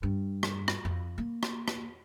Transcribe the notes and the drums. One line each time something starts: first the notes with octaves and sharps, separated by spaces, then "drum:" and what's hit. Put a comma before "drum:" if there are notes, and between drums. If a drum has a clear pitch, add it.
G2
drum: rim click
drum: rim click
F2
A#3
drum: rim click
drum: rim click